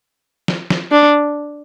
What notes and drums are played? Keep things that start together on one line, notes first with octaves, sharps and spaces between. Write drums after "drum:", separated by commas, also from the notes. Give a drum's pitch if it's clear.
drum: snare
drum: snare
D4